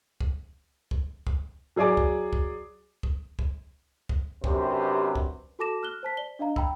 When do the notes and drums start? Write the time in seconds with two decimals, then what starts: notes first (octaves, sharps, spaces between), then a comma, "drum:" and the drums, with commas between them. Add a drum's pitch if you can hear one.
0.21 drum: kick
0.91 drum: kick
1.27 drum: kick
1.76 F#3 G#4 D5 G#5 D6
1.97 drum: kick
2.33 drum: kick
3.03 drum: kick
3.39 drum: kick
4.09 drum: kick
4.44 F#2 C3 D4 G4 B4 C5, drum: kick
5.15 drum: kick
5.59 F#4 A4 A5 D6 A#6 E7
5.83 F6 F#6 G7
6.03 C5 A5 B6
6.17 D5 G7
6.39 D4 D#5 F5 A#5
6.56 G5 A#5 B5 E6, drum: kick